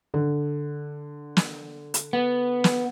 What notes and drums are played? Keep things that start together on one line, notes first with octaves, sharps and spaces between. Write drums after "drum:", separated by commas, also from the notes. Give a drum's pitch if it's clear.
D3
drum: snare
drum: hi-hat
B3
drum: snare